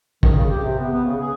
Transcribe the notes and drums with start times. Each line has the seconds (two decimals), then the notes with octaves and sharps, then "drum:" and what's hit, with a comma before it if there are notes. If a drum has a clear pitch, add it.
0.23 D#3, drum: kick
0.36 C#3
0.49 G4
0.64 C3
0.79 B3
0.92 B3
1.05 C#3
1.20 G#4